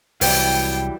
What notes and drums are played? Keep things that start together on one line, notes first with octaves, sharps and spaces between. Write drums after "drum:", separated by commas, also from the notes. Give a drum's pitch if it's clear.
C2 E3 F#3 G3 G5, drum: open hi-hat